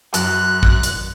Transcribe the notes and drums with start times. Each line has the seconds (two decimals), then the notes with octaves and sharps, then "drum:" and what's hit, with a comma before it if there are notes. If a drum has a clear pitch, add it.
0.14 F#2 F#6, drum: hi-hat
0.63 drum: kick A#1
0.83 drum: hi-hat